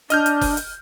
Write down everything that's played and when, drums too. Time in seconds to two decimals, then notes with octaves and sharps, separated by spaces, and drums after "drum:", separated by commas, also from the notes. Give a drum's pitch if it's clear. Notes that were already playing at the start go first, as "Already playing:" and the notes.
0.10 D4 D#5 F6 G6, drum: hi-hat
0.26 drum: hi-hat
0.41 drum: kick F#1, open hi-hat
0.57 drum: hi-hat